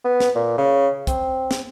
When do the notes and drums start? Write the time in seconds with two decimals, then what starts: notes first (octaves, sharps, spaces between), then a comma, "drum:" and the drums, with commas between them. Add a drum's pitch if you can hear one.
0.04 B3
0.20 drum: snare
0.35 A#2
0.57 C#3
1.07 C4, drum: kick, hi-hat
1.51 drum: snare